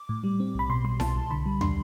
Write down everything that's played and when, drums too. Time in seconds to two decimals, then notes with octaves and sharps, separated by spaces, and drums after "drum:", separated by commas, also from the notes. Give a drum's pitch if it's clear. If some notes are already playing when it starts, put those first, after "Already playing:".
Already playing: D6
0.09 A2
0.24 G3
0.40 C4
0.55 B1 B5
0.70 B2 C6
0.84 G3 C6
1.00 C2 A5, drum: snare E4
1.15 C2
1.31 D3 B5
1.46 G3
1.61 D4 C6, drum: tom